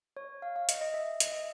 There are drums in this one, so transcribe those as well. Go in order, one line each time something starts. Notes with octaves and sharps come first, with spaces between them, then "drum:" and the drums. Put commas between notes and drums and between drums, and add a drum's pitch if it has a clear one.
C#5
F5
F5
D#5, drum: hi-hat
D#5
E5
D#5, drum: hi-hat
E5